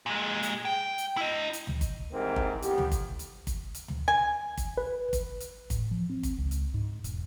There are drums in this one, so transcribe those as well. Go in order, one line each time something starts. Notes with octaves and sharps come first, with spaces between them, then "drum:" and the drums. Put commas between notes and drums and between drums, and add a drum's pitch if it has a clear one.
A#2 G#3
drum: hi-hat
G5
drum: hi-hat
E4 D#5
drum: hi-hat
drum: tom
drum: kick, hi-hat
C2 G#2 E3 A#3 C4
drum: kick
C2 F2 B3 G4, drum: hi-hat
drum: tom
drum: kick, hi-hat
drum: hi-hat
drum: kick, hi-hat
drum: hi-hat
drum: tom
G#5
drum: kick, hi-hat
B4
drum: kick, hi-hat
drum: hi-hat
A2, drum: kick, hi-hat
F3
C4
drum: kick, hi-hat
C#2
drum: hi-hat
G#2
E1, drum: hi-hat